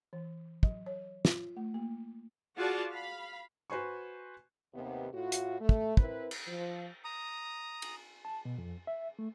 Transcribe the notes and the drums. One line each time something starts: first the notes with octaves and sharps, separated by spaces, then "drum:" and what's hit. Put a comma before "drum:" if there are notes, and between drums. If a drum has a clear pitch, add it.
E3
F#3, drum: kick
C#5
F4, drum: snare
A3
A#3
F4 F#4 G#4 D5 F#5 A5
F5 B5
F#4 B4 C5 G#5 C#6
D#2 C3 B3
A2 F4 F#4
drum: hi-hat
A3
drum: kick
C4 E4 A#4 B4, drum: kick
drum: cymbal
F3
A#5 D#6
drum: cymbal
A5
B2
F2
E5
A3